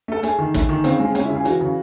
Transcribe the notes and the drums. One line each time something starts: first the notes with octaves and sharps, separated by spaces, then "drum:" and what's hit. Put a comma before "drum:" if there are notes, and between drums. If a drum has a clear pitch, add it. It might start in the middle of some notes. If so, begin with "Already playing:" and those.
A3 A4
A3 G#4, drum: hi-hat
D#3
A3, drum: kick, hi-hat
D#3
C#3 C4, drum: hi-hat
G#3
G#3 C#4, drum: hi-hat
E4
C#3
G#4
E3 F#4, drum: hi-hat
C#3